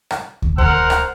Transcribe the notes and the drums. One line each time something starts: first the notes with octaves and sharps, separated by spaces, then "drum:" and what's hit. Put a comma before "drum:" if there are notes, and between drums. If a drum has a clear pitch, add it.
drum: rim click
drum: kick
C5 F#5 A#5 F6, drum: kick
drum: rim click